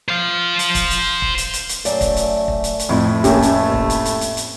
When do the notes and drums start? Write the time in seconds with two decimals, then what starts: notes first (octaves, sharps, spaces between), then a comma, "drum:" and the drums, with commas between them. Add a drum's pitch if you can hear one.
0.09 C5 F5
0.59 drum: hi-hat
0.75 drum: kick, hi-hat
0.91 drum: hi-hat
1.22 drum: kick
1.38 drum: hi-hat
1.54 drum: hi-hat
1.69 drum: hi-hat
1.85 F#2 A3 D5, drum: hi-hat
2.01 drum: kick, hi-hat
2.17 drum: hi-hat
2.48 drum: kick
2.64 drum: hi-hat
2.79 drum: hi-hat
2.89 F2 A2 E4
3.24 A3 A#3 C#4 G4, drum: kick, hi-hat
3.42 drum: hi-hat
3.74 drum: kick
3.90 drum: hi-hat
4.05 drum: hi-hat
4.21 drum: hi-hat
4.37 drum: hi-hat